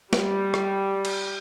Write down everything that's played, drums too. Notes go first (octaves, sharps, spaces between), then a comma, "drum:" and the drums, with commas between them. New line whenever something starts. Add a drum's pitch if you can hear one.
G3, drum: snare
drum: rim click
drum: cymbal